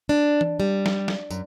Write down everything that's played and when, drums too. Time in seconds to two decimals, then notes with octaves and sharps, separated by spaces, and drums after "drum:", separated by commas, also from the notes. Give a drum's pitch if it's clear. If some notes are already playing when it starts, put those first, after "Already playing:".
0.09 D4
0.41 drum: tom E3
0.60 G3
0.86 drum: snare
1.08 drum: snare
1.30 F#2, drum: tambourine